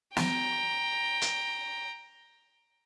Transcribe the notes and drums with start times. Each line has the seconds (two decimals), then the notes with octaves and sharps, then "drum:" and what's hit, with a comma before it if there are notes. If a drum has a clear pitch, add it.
0.17 G5 A#5, drum: snare
1.22 drum: hi-hat